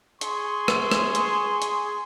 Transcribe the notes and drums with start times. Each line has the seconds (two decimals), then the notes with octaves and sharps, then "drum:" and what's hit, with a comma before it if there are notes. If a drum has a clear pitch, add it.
0.21 G#4 C6 C#6, drum: hi-hat
0.68 drum: rim click
0.91 drum: rim click
1.15 drum: hi-hat
1.62 drum: hi-hat